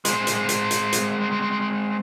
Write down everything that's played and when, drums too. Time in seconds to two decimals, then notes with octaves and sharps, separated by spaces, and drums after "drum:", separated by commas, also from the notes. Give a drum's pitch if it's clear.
0.05 G#3 C4, drum: hi-hat
0.27 drum: hi-hat
0.49 drum: hi-hat
0.71 drum: hi-hat
0.93 drum: hi-hat